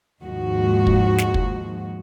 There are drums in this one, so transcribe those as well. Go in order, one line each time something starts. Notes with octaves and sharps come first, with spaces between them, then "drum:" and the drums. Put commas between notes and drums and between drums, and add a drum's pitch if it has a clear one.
D#2 G#2 F3 G#3 F#4
drum: kick
drum: snare
drum: kick